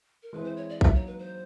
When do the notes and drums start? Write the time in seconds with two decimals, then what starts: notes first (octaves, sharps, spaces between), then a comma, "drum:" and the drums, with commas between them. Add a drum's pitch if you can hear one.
0.23 A#4
0.33 E3 G#3 C4 E4 B4
0.44 C5
0.57 C#5
0.69 D5
0.81 F#3 A#3 D#4 E5, drum: kick
0.94 C#5
1.07 B4
1.19 C5